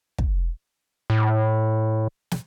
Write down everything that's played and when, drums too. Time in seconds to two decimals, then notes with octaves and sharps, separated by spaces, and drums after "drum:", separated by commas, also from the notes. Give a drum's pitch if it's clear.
0.18 drum: kick
1.10 A2
2.31 drum: snare